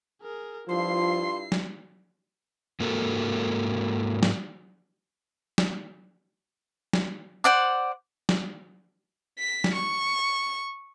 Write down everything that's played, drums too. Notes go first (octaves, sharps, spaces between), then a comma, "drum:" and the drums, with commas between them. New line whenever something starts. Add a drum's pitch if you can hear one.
G#4 A#4
G2 F3 E4 F4 C6 C7
drum: snare
G#2 A#3 F#4 A4 A#4
drum: snare
drum: snare
drum: snare
C5 D5 F#5 D6
drum: snare
B6
drum: snare
C#6